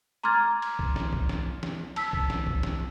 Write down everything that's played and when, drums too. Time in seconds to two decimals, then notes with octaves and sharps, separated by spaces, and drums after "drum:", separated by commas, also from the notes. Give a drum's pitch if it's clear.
0.23 A#5 C6 D6 F6 G#6 A6
0.62 drum: cymbal
0.79 drum: kick B1
0.96 drum: snare
1.13 drum: kick B1
1.29 drum: snare
1.63 drum: snare
1.96 A5 E6 B6, drum: cymbal
2.13 drum: kick B1
2.30 drum: snare
2.47 drum: kick B1
2.63 drum: snare